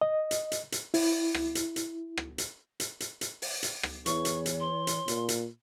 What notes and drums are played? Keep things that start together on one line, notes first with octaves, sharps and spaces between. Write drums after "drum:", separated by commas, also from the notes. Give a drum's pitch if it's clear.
D#5
drum: hi-hat
drum: hi-hat
drum: hi-hat
E4, drum: open hi-hat
drum: rim click
drum: hi-hat
drum: hi-hat
drum: rim click
drum: hi-hat
drum: hi-hat
drum: hi-hat
drum: hi-hat
drum: open hi-hat
drum: hi-hat
drum: rim click
E2 E3 C#5 C#6, drum: hi-hat
drum: hi-hat
drum: hi-hat
C6
drum: hi-hat
A#2, drum: hi-hat
drum: hi-hat